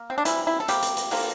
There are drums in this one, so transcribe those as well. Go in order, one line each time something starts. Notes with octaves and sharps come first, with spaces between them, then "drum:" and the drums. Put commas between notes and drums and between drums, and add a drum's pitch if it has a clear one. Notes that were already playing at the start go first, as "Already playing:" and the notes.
Already playing: A#3
C4
D4
C3 E3 G3 E4, drum: hi-hat
E4
A4
C3 G3 A#3 G4, drum: hi-hat
drum: hi-hat
drum: hi-hat
D3 F3 A#3, drum: open hi-hat